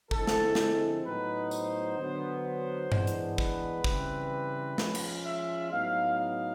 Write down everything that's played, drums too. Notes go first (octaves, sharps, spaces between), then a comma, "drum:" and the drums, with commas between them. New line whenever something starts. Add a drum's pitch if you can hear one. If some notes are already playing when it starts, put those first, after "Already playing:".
D3 F3 G#3 C4 E4 A4, drum: kick
drum: snare
drum: snare
A2 F#3 B3 D#4 B4
C5, drum: tambourine
D3 F#3 B3
C5
E3 G#3 B3 D4, drum: tom G2
drum: hi-hat
B4, drum: kick
C#3 E3 G3 C4, drum: kick
F3 G#3 C#4 F4, drum: snare
drum: cymbal
E5
A2 F#3 B3 D#4 F5
F5